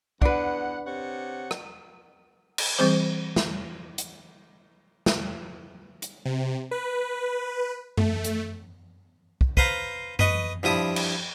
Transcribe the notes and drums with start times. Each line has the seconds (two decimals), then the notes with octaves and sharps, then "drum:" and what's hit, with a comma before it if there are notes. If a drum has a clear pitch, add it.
0.22 E2 D4 B4 F#5, drum: kick
0.87 C3 C#5 F#5
1.51 drum: rim click
2.58 drum: cymbal
2.78 E3 G3 C4 G#4 C5 D6
3.36 drum: snare
3.98 drum: hi-hat
5.06 drum: snare
6.02 drum: hi-hat
6.25 C3
6.71 B4
7.97 A3, drum: tom F#2
8.24 drum: hi-hat
9.41 drum: kick
9.57 B4 C5 F5 A#5, drum: kick
10.19 B4 D#5 C#6, drum: tom F#2
10.63 G2 F3 E4 D#6
10.96 drum: cymbal